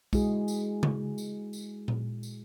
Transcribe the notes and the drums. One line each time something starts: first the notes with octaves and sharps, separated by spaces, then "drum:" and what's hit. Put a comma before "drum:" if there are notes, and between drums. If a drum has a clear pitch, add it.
G#3 E4 F#4 G#4, drum: kick, tambourine
drum: tambourine
drum: tom C#3
drum: tambourine
drum: tambourine
drum: tom A#2
drum: tambourine